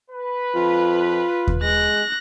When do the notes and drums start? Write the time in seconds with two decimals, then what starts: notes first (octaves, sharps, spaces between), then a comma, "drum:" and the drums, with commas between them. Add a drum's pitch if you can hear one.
0.11 B4
0.55 F2 F4
1.47 drum: kick D#2
1.63 G#3 F#6 A#6